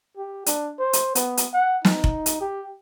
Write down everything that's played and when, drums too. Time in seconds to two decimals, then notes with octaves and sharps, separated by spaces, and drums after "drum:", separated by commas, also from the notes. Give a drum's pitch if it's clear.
0.17 G4
0.46 D4, drum: hi-hat
0.79 C5
0.93 drum: hi-hat
1.15 B3, drum: hi-hat
1.37 drum: hi-hat
1.53 F#5
1.85 D#4, drum: snare
2.04 drum: kick F1
2.26 drum: hi-hat
2.41 G4